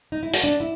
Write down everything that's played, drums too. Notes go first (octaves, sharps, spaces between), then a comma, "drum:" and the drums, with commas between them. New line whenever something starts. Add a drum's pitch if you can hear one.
D#4
E4
F#4, drum: open hi-hat
D4
E4